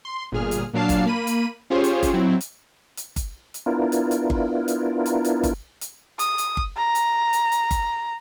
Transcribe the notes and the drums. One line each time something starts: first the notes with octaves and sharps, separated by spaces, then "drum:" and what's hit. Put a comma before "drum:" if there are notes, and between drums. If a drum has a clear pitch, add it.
C6
G1 A#2 G#4 F6
drum: hi-hat
A#2 F#3 D4 F5 A5 C7
drum: kick G1, hi-hat
A#3 B5 D#7
drum: hi-hat
C#4 F4 G4 G#4 C5 C#5
drum: hi-hat
drum: kick G1, hi-hat
F#3 C4 E4
drum: hi-hat
drum: hi-hat
drum: kick G1, hi-hat
drum: hi-hat
B3 D4 E4 F4 A#4
drum: hi-hat
drum: hi-hat
drum: kick G1
drum: hi-hat
drum: hi-hat
drum: hi-hat
drum: kick G1, hi-hat
drum: hi-hat
D#6, drum: hi-hat
drum: hi-hat
drum: kick G1
A#5
drum: hi-hat
drum: hi-hat
drum: hi-hat
drum: kick G1, hi-hat